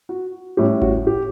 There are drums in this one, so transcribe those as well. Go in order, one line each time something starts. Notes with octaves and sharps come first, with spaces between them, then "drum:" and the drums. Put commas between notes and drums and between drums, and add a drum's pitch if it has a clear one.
F#4
A2 G3 C#4 G4
F#4, drum: kick G#1
G4